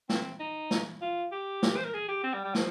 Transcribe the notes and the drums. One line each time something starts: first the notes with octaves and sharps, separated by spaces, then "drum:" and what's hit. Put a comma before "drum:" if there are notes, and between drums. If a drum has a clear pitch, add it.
C4, drum: snare
D#4
drum: snare
F4
G4
drum: snare
C5
A#4
G#4
G4
C4
G3
G3
F3, drum: snare